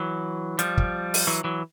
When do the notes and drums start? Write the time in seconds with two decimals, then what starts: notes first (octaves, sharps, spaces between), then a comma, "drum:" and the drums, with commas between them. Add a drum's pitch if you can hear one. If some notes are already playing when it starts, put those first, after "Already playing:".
Already playing: E3 F#3
0.59 F3 G3, drum: hi-hat
0.78 drum: kick
1.14 drum: open hi-hat
1.27 E3 F#3
1.44 E3 F#3